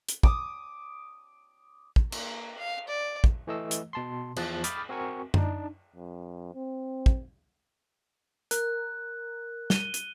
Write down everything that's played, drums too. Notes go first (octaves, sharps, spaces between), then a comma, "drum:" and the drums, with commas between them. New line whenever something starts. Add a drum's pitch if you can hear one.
drum: hi-hat
D6 D#6, drum: kick
drum: kick
A#3, drum: cymbal
F5
D5
drum: kick
E3 A3 D#5 E6
drum: hi-hat
B2 A5 C6
E2 F3 F#6 A6, drum: cymbal
B5 D6 D#6 F6 G6 A6, drum: hi-hat
C4 F#4 A#4 G#5 C#6
D4 D#4, drum: tom F#2
F2
C4
drum: kick
A#4 F#6, drum: hi-hat
D#7 G7, drum: snare
drum: hi-hat